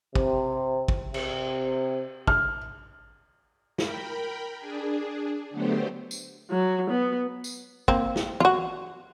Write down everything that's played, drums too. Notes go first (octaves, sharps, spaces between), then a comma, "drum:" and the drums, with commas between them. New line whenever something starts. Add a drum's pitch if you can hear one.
C3, drum: kick
drum: kick
C3, drum: cymbal
F6, drum: kick
A#4 G5 B5, drum: snare
D4 G#4
D3 F#3 A3 B3 G4 C5
drum: tambourine
F#3
B3
drum: tambourine
A#3 C4, drum: kick
drum: snare
F4 F#4, drum: tom